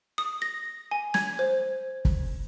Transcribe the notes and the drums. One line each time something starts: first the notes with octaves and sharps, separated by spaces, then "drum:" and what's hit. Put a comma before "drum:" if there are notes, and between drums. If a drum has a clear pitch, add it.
D#6
A#6
G#5
G#6, drum: snare
C5
drum: kick